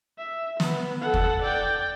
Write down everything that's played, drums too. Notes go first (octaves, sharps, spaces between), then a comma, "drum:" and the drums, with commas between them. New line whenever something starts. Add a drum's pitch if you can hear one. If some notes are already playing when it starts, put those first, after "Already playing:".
E5
B3, drum: snare
A4 F#5
drum: kick
D5 G5